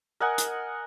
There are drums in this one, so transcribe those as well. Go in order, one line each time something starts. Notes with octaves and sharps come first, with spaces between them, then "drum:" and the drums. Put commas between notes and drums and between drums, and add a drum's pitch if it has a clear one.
A#4 D#5 F#5 G#5
drum: hi-hat